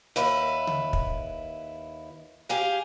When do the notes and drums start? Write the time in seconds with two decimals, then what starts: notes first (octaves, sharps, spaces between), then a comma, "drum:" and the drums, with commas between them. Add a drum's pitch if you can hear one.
0.16 D#2 E4 B4
0.67 drum: tom C#3
0.93 drum: kick
2.49 G4 G#4 F5